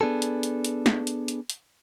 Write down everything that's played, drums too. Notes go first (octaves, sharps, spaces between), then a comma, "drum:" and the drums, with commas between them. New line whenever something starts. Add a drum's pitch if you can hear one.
B3 D4 G#4 A4
drum: hi-hat
drum: hi-hat
drum: hi-hat
drum: snare
drum: hi-hat
drum: hi-hat
drum: hi-hat